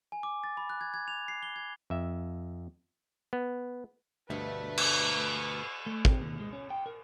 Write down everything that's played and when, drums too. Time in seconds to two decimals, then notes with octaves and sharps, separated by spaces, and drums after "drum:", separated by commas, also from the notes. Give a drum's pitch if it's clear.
0.12 G#5
0.23 D6
0.44 A6
0.57 B5
0.70 F#6
0.81 G#6
0.94 G#6
1.08 F7
1.28 C7
1.43 G7
1.56 G#6
1.90 F2 E5
3.33 B3
4.30 D2 G2 B2 A3 B4 F5
4.77 drum: cymbal
5.86 A3
6.05 C4, drum: kick
6.22 D#2
6.40 G#3
6.53 C#4
6.70 G5
6.86 A#4